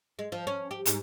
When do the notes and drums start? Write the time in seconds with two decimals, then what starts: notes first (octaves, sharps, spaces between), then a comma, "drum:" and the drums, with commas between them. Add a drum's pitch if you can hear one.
0.19 G#3
0.32 F3
0.47 C#4
0.71 G4
0.86 G#2, drum: hi-hat